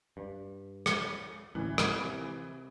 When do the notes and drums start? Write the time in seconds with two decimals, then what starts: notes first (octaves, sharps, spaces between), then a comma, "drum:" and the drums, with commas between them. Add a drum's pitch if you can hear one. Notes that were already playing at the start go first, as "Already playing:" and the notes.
0.17 G2
0.86 drum: rim click
1.55 A1 D2 E3
1.78 drum: rim click
1.88 C3